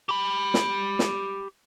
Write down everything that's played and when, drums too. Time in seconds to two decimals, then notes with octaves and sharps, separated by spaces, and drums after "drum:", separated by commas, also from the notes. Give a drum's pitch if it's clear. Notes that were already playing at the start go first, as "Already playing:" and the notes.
0.09 G4 B5
0.54 drum: snare
0.99 drum: snare